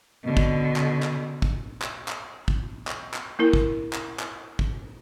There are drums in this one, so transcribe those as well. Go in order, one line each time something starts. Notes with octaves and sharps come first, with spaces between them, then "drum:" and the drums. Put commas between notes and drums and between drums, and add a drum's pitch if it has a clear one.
B2 D3
drum: kick
drum: clap
drum: clap
drum: kick
drum: clap
drum: clap
drum: kick
drum: clap
drum: clap
A#3 E4 A#4
drum: kick
drum: clap
drum: clap
drum: kick